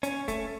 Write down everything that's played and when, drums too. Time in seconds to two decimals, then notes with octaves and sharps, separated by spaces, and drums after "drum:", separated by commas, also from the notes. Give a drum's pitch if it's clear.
0.03 C#4, drum: hi-hat
0.28 A3, drum: kick, hi-hat